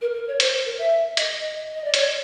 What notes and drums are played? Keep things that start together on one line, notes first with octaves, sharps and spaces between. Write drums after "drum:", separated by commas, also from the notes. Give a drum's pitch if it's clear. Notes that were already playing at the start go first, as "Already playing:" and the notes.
A#4
A#4
C#5
C5, drum: hi-hat
A#4
E5
D#5, drum: hi-hat
D#5
D5
C#5, drum: hi-hat